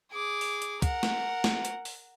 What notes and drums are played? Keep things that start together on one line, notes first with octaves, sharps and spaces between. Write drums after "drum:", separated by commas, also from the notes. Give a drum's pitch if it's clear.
G#4 D6
drum: open hi-hat
drum: hi-hat
A#4 F#5, drum: kick, hi-hat
drum: snare
drum: snare
drum: hi-hat
drum: open hi-hat